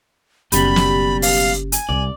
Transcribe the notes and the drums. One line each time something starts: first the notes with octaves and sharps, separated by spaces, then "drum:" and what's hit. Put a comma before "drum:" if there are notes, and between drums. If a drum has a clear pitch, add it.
F#1 F#2 B2 G3 G4 B5, drum: hi-hat
drum: snare
F5, drum: open hi-hat
G#5, drum: hi-hat
C2 D5